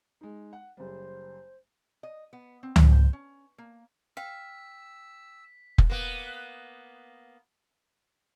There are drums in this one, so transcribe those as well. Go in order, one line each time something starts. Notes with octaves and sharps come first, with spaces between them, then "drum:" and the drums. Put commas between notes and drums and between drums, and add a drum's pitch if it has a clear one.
G#3 D#4
F#5
F#1 G3 C5
D#5
B3
C4
G#5, drum: tom C#2
C5
C#4
A#3
F5 G5 E6 B6
drum: kick F1
A#3 B3